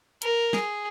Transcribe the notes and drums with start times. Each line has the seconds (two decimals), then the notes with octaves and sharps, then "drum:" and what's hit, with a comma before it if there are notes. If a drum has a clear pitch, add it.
0.22 A#4, drum: hi-hat
0.53 G#4, drum: snare